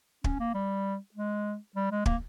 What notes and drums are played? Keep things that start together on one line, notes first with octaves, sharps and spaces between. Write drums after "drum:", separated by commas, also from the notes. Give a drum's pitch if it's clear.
C#4, drum: kick
A#3
G3
G#3
G3
G#3
A#3, drum: kick